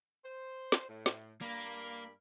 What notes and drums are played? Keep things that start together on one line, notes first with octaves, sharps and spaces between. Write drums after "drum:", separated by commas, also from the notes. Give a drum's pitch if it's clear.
C5
drum: snare
A2
drum: snare
G2 A#3 D5 B5